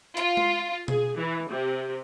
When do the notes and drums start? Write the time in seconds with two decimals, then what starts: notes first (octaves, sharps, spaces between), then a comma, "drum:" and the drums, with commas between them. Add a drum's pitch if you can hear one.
0.17 F4, drum: hi-hat
0.37 drum: tom G#3
0.88 G#4, drum: tom B2
1.17 E3
1.50 C3